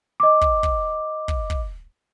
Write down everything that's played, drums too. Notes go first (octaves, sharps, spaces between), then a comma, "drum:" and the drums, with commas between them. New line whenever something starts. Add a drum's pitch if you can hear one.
D#5 D6
drum: kick
drum: kick
drum: kick
drum: kick